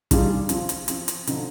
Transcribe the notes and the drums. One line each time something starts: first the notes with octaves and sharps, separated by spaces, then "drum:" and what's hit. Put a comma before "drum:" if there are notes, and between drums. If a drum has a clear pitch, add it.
D#3 G3 D4 F4 G#4, drum: kick, hi-hat
F3 C4 F4, drum: hi-hat
drum: hi-hat
F3 C4 F4, drum: hi-hat
drum: hi-hat
D3 F3 C4 D#4, drum: hi-hat